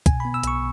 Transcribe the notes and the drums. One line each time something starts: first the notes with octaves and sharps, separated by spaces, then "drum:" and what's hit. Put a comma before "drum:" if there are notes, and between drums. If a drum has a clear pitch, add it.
B2 G#5, drum: kick, hi-hat
B3 B5
E6
B1 C#6, drum: hi-hat